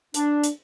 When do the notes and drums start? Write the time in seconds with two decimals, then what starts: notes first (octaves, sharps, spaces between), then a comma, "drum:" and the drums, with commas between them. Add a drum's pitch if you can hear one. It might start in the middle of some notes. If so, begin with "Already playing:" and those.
0.14 D4, drum: hi-hat
0.43 drum: hi-hat